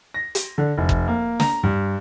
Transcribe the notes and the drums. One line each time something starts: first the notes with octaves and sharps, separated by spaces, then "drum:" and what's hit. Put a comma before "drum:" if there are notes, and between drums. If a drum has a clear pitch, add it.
A#6
drum: hi-hat
D3
F1
drum: kick
A#3
A#5, drum: snare
G2